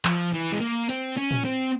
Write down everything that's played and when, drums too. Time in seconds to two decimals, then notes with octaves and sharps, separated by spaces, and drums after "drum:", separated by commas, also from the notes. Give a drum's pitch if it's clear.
0.05 F3, drum: clap
0.34 E3
0.52 G#3
0.61 A#3
0.89 C4, drum: hi-hat
1.17 C#4
1.31 drum: tom
1.45 C4